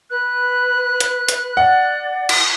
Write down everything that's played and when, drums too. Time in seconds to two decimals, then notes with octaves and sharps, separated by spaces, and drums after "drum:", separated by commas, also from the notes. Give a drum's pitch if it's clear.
0.10 B4 F#6
1.00 drum: hi-hat
1.28 drum: hi-hat
1.57 D5 F#5
2.29 drum: cymbal